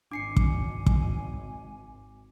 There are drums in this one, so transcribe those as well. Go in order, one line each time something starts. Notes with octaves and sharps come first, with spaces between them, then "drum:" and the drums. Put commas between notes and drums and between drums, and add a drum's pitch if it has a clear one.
G#1 D4 G#5 D6 C7 C#7
drum: kick
drum: kick